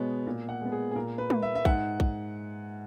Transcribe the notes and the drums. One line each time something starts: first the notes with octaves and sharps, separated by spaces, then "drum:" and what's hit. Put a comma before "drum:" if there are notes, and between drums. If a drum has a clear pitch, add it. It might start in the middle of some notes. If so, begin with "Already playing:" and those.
Already playing: B2 G#3 B3 C#5
A#2
F#5
G#3 B3
G#4
G#4
A#2 A#4
B4
A#3, drum: tom
E5
E5
G#2 F#5, drum: kick A#1
drum: kick A#1